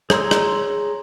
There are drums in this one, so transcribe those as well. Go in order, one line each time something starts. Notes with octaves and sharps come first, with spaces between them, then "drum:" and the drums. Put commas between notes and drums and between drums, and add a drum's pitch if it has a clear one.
G#4 C#5 A#5 C6 E6, drum: rim click
drum: rim click